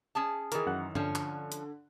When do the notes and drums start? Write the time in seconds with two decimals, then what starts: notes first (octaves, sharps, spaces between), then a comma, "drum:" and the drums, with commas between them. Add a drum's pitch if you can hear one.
0.15 C#4 G#4 A5
0.52 D#3 E3 G#4 A#4, drum: hi-hat
0.66 F#2 F#5 F#6
0.95 D3 F3 C#4, drum: tom G2
1.15 drum: clap
1.52 drum: hi-hat